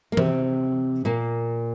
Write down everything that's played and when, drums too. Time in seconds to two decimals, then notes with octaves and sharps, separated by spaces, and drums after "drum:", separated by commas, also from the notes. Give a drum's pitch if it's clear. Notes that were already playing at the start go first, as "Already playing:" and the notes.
0.12 A#3
0.17 C3 C4, drum: tom E3
1.05 A#2 A#3